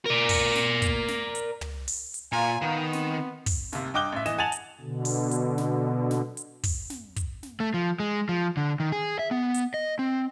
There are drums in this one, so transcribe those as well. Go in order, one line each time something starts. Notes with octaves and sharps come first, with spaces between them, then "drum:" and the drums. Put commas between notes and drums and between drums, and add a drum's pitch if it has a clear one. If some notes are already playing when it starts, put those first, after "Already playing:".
A#4 D5
drum: kick, open hi-hat
drum: snare
drum: kick, hi-hat
drum: snare
drum: hi-hat
drum: tom
drum: open hi-hat
drum: hi-hat
A#2 F5 G#5 A#5
D#3 B3
C4, drum: snare
drum: kick, open hi-hat
D#2 C3, drum: snare
G2 D#5 G5 D6 F#6 G7
A1 E5
E3 D#5 E7, drum: snare
F#5 G#5 A5 A6 F7 F#7
drum: hi-hat
B2 D3
drum: open hi-hat
drum: hi-hat
drum: snare
drum: snare
drum: hi-hat
drum: kick, open hi-hat
drum: snare
drum: kick, hi-hat
drum: snare
A3
F3
G#3
F3
D3
D#3
G#4
E5
B3
drum: hi-hat
D#5
C4